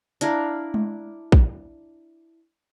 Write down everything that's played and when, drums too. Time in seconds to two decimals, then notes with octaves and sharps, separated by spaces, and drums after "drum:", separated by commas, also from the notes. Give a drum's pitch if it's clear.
0.21 D4 E4 A#4 F5, drum: hi-hat
0.74 drum: tom G#3
1.32 drum: kick